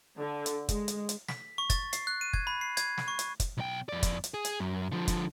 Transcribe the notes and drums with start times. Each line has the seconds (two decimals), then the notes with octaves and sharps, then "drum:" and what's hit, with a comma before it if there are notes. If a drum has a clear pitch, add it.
0.18 D3
0.46 drum: hi-hat
0.69 G#3, drum: kick, hi-hat
0.88 drum: hi-hat
1.09 drum: hi-hat
1.28 B6, drum: snare
1.58 C#6
1.70 A6, drum: kick, hi-hat
1.93 C7, drum: hi-hat
2.07 F#6
2.21 D#7
2.33 G#6, drum: kick
2.47 B5
2.61 C7
2.77 G#6, drum: hi-hat
2.98 drum: snare
3.08 C#6
3.19 drum: hi-hat
3.40 drum: kick, hi-hat
3.57 B1 G5
3.89 F2 D5
4.03 drum: kick, hi-hat
4.24 drum: hi-hat
4.34 G#4
4.45 drum: hi-hat
4.60 F#2
4.92 D3 F3
5.08 drum: kick, hi-hat